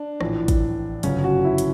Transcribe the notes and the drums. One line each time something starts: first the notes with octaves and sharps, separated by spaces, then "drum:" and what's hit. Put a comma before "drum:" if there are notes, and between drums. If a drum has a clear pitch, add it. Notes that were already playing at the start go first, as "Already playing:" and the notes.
Already playing: D4
A#1 A2 E3, drum: rim click
drum: kick, hi-hat
G1 F#2 C#3 C#4, drum: hi-hat
F#4
E4
drum: hi-hat